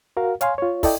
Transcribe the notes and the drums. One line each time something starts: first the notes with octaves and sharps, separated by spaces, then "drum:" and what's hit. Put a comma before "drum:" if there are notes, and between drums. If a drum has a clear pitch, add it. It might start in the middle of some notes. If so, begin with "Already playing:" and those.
F#4 A#4 F5
C#5 F5 G#5 C6, drum: hi-hat
F4 C#5
E4 A4 D5 D#5 G5, drum: kick, open hi-hat